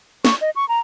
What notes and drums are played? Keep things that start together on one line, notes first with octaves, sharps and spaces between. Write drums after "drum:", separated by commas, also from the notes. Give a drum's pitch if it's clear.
C#6, drum: snare
D#5
C#6
A#5